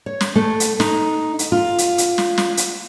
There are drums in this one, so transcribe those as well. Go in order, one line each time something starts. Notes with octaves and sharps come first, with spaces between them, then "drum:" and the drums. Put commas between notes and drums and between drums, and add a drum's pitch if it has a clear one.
C#5
drum: snare
A3
drum: hi-hat
D#4, drum: snare
drum: hi-hat
F4
drum: hi-hat
drum: hi-hat
drum: snare
drum: snare
drum: hi-hat